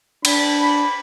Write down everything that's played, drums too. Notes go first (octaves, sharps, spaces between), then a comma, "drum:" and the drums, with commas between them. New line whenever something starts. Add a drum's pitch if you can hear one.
D4 B5, drum: cymbal